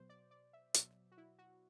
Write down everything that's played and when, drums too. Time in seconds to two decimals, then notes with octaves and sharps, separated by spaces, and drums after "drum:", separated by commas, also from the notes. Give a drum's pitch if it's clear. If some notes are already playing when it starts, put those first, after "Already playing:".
Already playing: B2 F#3 C5
0.09 D5
0.31 D5
0.53 E5
0.74 B2 F#3 E5, drum: hi-hat
1.11 F#4
1.17 E4
1.38 F#4